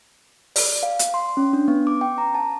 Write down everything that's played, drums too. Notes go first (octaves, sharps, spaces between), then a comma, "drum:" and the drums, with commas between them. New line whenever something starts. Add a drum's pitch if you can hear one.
D5, drum: open hi-hat
F5
drum: hi-hat
C6
C#4
D4
B3
D6
G5
A#5
A5